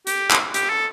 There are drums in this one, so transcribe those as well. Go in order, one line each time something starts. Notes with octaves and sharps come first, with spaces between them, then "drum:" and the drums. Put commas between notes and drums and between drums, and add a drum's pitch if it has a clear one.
G4, drum: hi-hat
drum: clap
G4, drum: hi-hat
A4